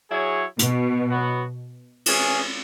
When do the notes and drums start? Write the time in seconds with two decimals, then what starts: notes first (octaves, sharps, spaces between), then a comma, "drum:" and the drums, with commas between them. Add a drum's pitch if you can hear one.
0.10 F#3 E4 G#4 C#5
0.59 B2, drum: hi-hat
1.09 F#3 B3 F#4
2.06 E3 C#4 G#4, drum: cymbal